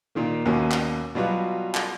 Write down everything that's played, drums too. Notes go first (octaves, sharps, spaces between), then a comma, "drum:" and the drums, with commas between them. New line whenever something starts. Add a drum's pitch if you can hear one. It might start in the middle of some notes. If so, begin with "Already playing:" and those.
A#2 D#3 A#3
D#2 B2 A#3 C#4
drum: clap
B2 F#3 G3 F4 B4
drum: clap